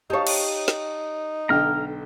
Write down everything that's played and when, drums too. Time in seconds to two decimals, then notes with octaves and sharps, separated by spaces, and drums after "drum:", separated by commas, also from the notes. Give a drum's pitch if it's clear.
0.10 D#4 G4 C#5 F5 A5 D#6
0.27 drum: cymbal
0.68 drum: snare
1.49 B1 D3 G5 A#5 F6